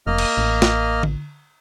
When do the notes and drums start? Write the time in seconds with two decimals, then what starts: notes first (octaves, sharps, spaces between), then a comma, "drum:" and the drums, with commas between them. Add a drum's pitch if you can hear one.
0.07 F1 A#3 D#5 F6
0.18 drum: cymbal
0.37 A1
0.62 drum: snare
1.03 drum: tom D3